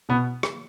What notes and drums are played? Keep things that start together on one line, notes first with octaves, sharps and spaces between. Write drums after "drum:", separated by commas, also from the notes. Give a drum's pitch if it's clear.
B2 B3
drum: rim click